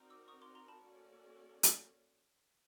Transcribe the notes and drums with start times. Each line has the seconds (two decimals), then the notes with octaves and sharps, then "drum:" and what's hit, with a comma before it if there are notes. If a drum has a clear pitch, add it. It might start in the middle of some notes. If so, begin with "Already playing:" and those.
Already playing: C4 D#4 F#4 A#4 D5
0.10 D6 E6
0.28 C#6 D#6
0.41 C6 D6
0.55 A#5 C6
0.68 A5 B5
0.81 A#3 C#4 F#4 A4 D5
1.63 drum: hi-hat